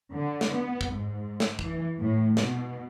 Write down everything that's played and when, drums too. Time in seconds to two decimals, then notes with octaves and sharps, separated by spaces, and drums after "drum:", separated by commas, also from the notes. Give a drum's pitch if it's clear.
0.12 D3
0.41 drum: snare
0.53 B3
0.81 drum: kick
0.93 G#2
1.40 drum: snare
1.59 E3, drum: kick
2.00 A2
2.37 B2, drum: snare